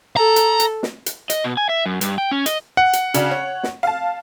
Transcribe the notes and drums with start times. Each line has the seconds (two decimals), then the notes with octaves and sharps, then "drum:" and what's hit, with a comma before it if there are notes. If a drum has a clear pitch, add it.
0.16 A4 A#5
0.36 drum: hi-hat
0.60 drum: hi-hat
0.83 drum: snare
1.06 drum: hi-hat
1.30 D#5, drum: hi-hat
1.44 B2
1.57 G#5
1.69 E5
1.86 F#2
2.01 G2, drum: hi-hat
2.18 G5
2.31 C#4
2.46 D#5, drum: hi-hat
2.77 F#5
2.93 drum: hi-hat
3.14 C#3 D4 F#4, drum: hi-hat
3.31 C#5
3.63 drum: snare
3.83 F5 A5